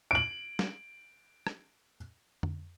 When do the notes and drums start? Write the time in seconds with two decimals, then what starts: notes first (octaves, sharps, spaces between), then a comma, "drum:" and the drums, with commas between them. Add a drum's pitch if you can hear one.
0.11 D7 F#7
0.59 drum: snare
1.47 drum: rim click
2.43 drum: tom F2